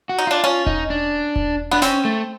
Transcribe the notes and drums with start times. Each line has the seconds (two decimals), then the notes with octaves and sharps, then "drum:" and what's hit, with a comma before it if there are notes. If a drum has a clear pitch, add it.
0.09 F#4
0.18 D#4
0.27 D4 F4
0.44 C#4 F4
0.66 D#4, drum: kick E1
0.90 D4
1.36 drum: kick E1
1.71 B3 D4
1.82 C4 C#4, drum: snare
2.05 A3